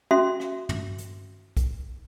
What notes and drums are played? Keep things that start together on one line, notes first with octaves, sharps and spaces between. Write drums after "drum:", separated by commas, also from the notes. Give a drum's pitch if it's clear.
C#4 F#4 E5 C6
drum: rim click
drum: tom
drum: hi-hat
drum: kick, hi-hat